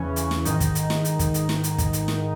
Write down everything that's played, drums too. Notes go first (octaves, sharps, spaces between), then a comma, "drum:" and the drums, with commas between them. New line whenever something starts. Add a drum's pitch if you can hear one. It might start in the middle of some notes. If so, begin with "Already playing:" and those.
Already playing: E2 C#3 E3 C#4
drum: hi-hat
drum: snare
G#2 D#3 D#4, drum: hi-hat
drum: kick, hi-hat
drum: hi-hat
drum: snare
drum: hi-hat
drum: kick, hi-hat
drum: hi-hat
drum: snare
drum: hi-hat
drum: kick, hi-hat
drum: hi-hat
drum: snare